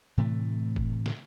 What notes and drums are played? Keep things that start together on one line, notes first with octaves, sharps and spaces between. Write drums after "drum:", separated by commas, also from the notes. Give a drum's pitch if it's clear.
A2 C3 E3 A3
drum: kick F#1
drum: snare